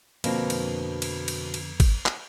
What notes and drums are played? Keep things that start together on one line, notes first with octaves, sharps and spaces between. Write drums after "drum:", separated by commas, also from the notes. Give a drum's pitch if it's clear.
F2 B2 D3 A#3 C4 D4, drum: cymbal
drum: cymbal
drum: cymbal
drum: cymbal
drum: cymbal
drum: kick G#1, cymbal
drum: clap